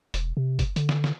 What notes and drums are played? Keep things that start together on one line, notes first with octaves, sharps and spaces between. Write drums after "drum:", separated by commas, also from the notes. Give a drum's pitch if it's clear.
E1, drum: hi-hat
C3
drum: kick, hi-hat
D3, drum: hi-hat
drum: snare
drum: snare